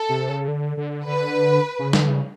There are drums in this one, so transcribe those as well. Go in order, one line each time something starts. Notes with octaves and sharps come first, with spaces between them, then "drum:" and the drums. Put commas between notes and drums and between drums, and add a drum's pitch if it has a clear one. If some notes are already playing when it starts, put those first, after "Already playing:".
Already playing: A4
C3
C#3
D3
D3
D3 B4
C#3
D3, drum: snare
C#3